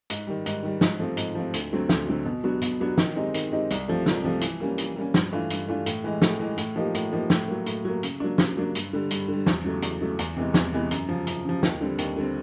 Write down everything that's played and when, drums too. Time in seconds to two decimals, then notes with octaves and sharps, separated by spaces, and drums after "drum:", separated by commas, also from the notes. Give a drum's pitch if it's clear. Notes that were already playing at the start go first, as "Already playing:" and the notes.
0.10 G#2, drum: hi-hat
0.27 D#3 G3
0.46 G#2, drum: hi-hat
0.63 D#3 G3
0.81 G#2, drum: snare
1.00 F3 A3 C4
1.17 G#2, drum: hi-hat
1.35 F3 A3 C4
1.54 D2, drum: hi-hat
1.72 D3 F#3 A3 C4
1.89 D2, drum: snare
2.08 D3 F#3 A3 C4
2.25 B2
2.44 F#3 B3 D4 F#4
2.62 B2, drum: hi-hat
2.80 F#3 B3 D4 F#4
2.98 D#3, drum: snare
3.16 G#3 C4 D#4 G4
3.34 D#3, drum: hi-hat
3.52 G#3 C4 D#4 G4
3.70 C2, drum: hi-hat
3.88 C3 F3 A3
4.06 C2, drum: snare
4.24 C3 F3 A3
4.41 E3, drum: hi-hat
4.60 G3 A#3 C#4
4.78 E3, drum: hi-hat
4.96 G3 A#3 C#4
5.14 G2, drum: snare
5.33 E3 A3 D4 F4
5.50 G2, drum: hi-hat
5.68 E3 A3 D4 F4
5.86 A2, drum: hi-hat
6.04 E3 G#3
6.22 A2, drum: snare
6.40 E3 G#3
6.58 A2, drum: hi-hat
6.76 F3 A#3 D#4 G4
6.95 A2, drum: hi-hat
7.13 F3 A#3 D#4 G4
7.30 A2, drum: snare
7.48 F#3 A#3
7.66 A2, drum: hi-hat
7.85 F#3 A#3
8.03 C#3, drum: hi-hat
8.20 F#3 A#3 D4
8.38 C#3, drum: snare
8.57 F#3 A#3 D4
8.75 G2, drum: hi-hat
8.93 D3 G3
9.11 G2, drum: hi-hat
9.28 D3 G3
9.46 E2, drum: snare
9.64 C#3 F#3 A3
9.82 E2, drum: hi-hat
10.00 C#3 F#3 A3
10.19 E2, drum: hi-hat
10.37 C3 E3 G#3 B3
10.54 E2, drum: snare
10.73 C3 E3 G#3 B3
10.91 F#2, drum: hi-hat
11.09 C#3 F3
11.27 F#2, drum: hi-hat
11.45 C#3 F3
11.63 D#2, drum: snare
11.81 D3 G3 C4
11.99 D#2, drum: hi-hat
12.16 D3 G3 C4